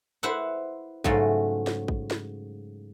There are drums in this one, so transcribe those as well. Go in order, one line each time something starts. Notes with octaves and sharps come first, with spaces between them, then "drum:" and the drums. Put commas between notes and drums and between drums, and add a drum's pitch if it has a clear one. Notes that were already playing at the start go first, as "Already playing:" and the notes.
E4 B4 C5 E5 F#5
G#2 C#3 F#3 A3, drum: kick
drum: snare
drum: kick
drum: snare